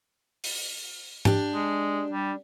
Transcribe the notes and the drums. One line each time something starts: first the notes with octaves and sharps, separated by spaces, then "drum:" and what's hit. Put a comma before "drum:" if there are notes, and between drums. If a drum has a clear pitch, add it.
drum: open hi-hat
D4 G4, drum: tom G#2
G#3
G3